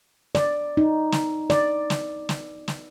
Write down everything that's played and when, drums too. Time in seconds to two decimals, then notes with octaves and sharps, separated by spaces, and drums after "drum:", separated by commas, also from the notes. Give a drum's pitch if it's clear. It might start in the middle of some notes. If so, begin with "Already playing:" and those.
0.35 D5, drum: snare
0.77 D#4
1.12 drum: snare
1.50 D5, drum: snare
1.90 drum: snare
2.29 drum: snare
2.68 drum: snare